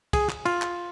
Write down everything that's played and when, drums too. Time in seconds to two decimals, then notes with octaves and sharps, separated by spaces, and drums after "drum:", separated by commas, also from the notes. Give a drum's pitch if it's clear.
0.13 G#4, drum: kick, cymbal
0.29 drum: clap
0.45 F4, drum: cymbal
0.62 drum: clap